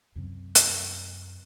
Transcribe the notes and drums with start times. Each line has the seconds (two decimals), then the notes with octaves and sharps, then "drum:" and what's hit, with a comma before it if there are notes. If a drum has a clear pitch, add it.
0.16 F#2 C3
0.55 drum: hi-hat